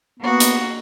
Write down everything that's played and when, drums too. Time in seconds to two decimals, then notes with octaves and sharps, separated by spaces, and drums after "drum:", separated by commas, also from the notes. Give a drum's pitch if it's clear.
0.20 A#3 B3 F#4
0.40 drum: hi-hat